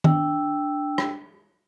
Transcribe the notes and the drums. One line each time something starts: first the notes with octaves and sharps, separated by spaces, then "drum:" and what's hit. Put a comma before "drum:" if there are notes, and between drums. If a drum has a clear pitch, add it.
D4 G5 E6, drum: tom D#3
drum: rim click